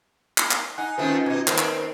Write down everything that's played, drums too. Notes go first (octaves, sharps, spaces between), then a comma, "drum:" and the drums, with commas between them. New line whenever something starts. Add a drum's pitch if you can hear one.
drum: clap
drum: clap
D#4 F#5 G#5 F#6
D#3 A3 C4 C#4 F4 B4
B2 D#4 G#6
D#2 C4 C#4 A#4 B4, drum: clap
drum: clap